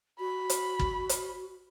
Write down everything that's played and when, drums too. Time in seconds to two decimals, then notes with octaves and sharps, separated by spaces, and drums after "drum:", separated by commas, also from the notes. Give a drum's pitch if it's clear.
0.20 F#4 B5
0.50 drum: hi-hat
0.79 drum: kick
1.09 drum: hi-hat